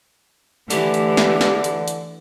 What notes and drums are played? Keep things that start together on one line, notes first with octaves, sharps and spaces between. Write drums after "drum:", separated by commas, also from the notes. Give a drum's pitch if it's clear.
D3 E3 A3 G4, drum: hi-hat
drum: hi-hat
drum: snare
drum: snare
drum: hi-hat
drum: hi-hat